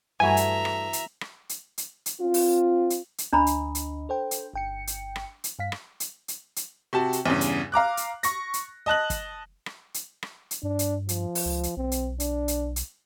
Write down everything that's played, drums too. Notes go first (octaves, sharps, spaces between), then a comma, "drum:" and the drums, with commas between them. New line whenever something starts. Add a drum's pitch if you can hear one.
G2 E3 A3 F#4 E5 G#5 A#5
drum: hi-hat
drum: rim click
drum: hi-hat
drum: rim click
drum: hi-hat
drum: hi-hat
drum: hi-hat
C4 F4
drum: open hi-hat
drum: hi-hat
drum: hi-hat
D2 D4 D#5 A#5 B5
drum: hi-hat
drum: hi-hat
A4 C5 G5
drum: hi-hat
G1 G5 C#7
drum: hi-hat
drum: rim click
drum: hi-hat
G2 F5 B6
drum: rim click
drum: hi-hat
drum: hi-hat
drum: hi-hat
C3 F#4 A5
drum: hi-hat
E2 G2 C#3
drum: hi-hat
F5 A#5 D6 F#6
drum: hi-hat
C#6 A#6, drum: hi-hat
drum: hi-hat
D#5 A5 F#6 F#7
drum: kick, hi-hat
drum: rim click
drum: hi-hat
drum: rim click
drum: hi-hat
G2 D4
drum: hi-hat
F3, drum: hi-hat
drum: open hi-hat
C#2
drum: hi-hat
B1 C4
drum: hi-hat
D4, drum: hi-hat
drum: hi-hat
drum: hi-hat